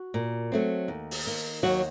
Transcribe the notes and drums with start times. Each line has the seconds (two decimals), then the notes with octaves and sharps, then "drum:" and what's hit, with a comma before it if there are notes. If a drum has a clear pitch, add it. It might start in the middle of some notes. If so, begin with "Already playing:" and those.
Already playing: F#4
0.14 A#2
0.52 F#3 A3 C4
0.88 D#2
1.11 drum: open hi-hat
1.26 D#3 A#3
1.63 D#2 F#3 F#4